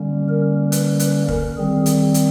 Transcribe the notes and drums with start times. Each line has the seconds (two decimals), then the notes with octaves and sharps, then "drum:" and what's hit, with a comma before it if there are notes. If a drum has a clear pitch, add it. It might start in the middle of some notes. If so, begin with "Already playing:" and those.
Already playing: D3 G3 A#3 C#4
0.29 A#4
0.72 B4, drum: hi-hat
0.99 B4, drum: hi-hat
1.28 A#4, drum: kick
1.57 D#3 G3 C4 G#4
1.86 drum: hi-hat
2.14 drum: hi-hat